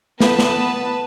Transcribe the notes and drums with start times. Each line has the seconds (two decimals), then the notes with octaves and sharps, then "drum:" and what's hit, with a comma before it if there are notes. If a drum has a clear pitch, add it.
0.20 B3 B4 A5, drum: snare
0.39 drum: snare